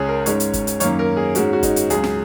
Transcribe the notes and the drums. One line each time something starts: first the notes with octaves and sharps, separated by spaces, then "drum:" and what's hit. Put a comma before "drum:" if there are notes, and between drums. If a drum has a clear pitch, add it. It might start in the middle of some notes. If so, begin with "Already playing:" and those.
Already playing: C#2 C#3 G#3 C#4 G#4
A#4
G#2 G#3 C#4 C#5, drum: hi-hat
drum: hi-hat
drum: kick, hi-hat
drum: hi-hat
F#2 D#3 A#3 C#4 C#5, drum: hi-hat
A#4
G#4
G#2 G#3 C#4 F#4, drum: hi-hat
F#4
D#4, drum: kick, hi-hat
drum: hi-hat
C#2 C#3 F#3 G#4, drum: hi-hat
drum: snare